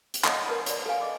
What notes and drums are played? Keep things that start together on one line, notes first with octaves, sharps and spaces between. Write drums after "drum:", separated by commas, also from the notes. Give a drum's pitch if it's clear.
drum: hi-hat
A4 C#5 D#5 F#5 G#5 D#6, drum: clap
A#4 B4 C#5 A5 B5
C#5 D5, drum: hi-hat
A4 B4 F5 G#5
D#5 D6